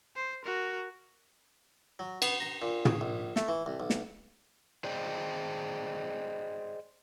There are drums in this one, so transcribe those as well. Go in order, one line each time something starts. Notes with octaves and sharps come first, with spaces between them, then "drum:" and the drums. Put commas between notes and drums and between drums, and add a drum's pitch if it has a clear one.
C5
F#4 A#4
F#3
B3, drum: cymbal
A#5
A#2
G#4, drum: tom
A#1
A3, drum: snare
E3
C2
B1
drum: snare
G#4 C5 D5 D#5 G5